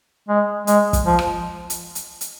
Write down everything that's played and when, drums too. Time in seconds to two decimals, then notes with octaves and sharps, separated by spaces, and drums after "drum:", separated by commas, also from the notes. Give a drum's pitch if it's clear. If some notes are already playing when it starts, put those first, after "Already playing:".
0.29 G#3
0.67 G#3, drum: hi-hat
0.93 drum: kick, hi-hat
1.06 F3
1.19 drum: rim click
1.70 drum: hi-hat
1.95 drum: hi-hat
2.21 drum: hi-hat